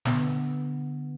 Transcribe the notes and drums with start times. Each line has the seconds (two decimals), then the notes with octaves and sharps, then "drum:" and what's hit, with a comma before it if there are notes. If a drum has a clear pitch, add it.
0.05 D3 B3, drum: snare